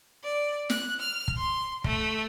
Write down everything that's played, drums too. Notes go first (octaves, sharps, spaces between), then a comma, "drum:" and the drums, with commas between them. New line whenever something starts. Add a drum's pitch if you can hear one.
D5
F#6, drum: snare
F6
drum: kick
C6
A3, drum: kick